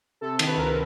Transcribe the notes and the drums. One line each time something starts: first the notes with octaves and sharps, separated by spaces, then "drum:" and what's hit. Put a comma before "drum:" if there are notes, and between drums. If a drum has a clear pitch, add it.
C3 A4
D#3, drum: cymbal
B4
C#2 A#4